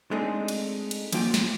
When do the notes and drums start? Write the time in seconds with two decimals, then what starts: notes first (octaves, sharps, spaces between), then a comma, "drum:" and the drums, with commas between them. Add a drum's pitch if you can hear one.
0.11 G#3 A3 C4 D4 D#4
0.48 drum: cymbal
0.91 drum: cymbal
1.13 F#2 F3 A#3 F4 G5, drum: cymbal
1.34 drum: snare